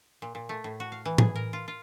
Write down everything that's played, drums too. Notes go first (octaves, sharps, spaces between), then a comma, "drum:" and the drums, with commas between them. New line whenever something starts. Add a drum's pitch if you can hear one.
A#2
A#2
A3
A2
F#4
F5
E3
G#4, drum: tom A2
A#4
F4
F4